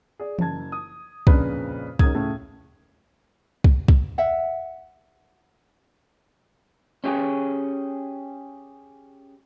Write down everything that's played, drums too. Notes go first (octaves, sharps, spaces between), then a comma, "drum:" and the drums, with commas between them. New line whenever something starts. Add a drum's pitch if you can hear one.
G#4 D5
F#1 F#2 A5 G#6, drum: tom E3
D#6
F2 A#2 C#3 C#4 D4 B4, drum: kick
G#1 C#4 G#4 A#4 D#6 G#6, drum: kick
A2 C#3 A3
drum: kick
drum: kick
E5 F#5
C#4 G4 G#4